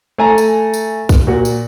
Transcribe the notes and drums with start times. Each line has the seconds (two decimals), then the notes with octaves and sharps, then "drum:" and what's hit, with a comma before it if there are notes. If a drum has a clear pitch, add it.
0.18 A3 G#5 A#5
0.38 drum: tambourine
0.74 drum: tambourine
1.09 drum: kick, tambourine
1.27 A#2 F#4
1.45 drum: tambourine